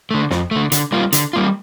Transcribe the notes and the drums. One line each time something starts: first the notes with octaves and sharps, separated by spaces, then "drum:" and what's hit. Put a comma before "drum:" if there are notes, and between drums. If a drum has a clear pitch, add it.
D3 A3
F2, drum: snare
D3 A3
D3, drum: hi-hat
G3 A#3 F4
D3, drum: hi-hat
G3 A#3 F4